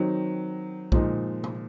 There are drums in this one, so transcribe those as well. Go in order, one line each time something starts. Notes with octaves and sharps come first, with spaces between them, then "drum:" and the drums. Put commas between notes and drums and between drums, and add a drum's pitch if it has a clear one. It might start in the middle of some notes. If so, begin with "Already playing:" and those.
Already playing: D#3 F#3 C4 D#4
A#2 F3 G#3 D#4, drum: kick B1
drum: tom C3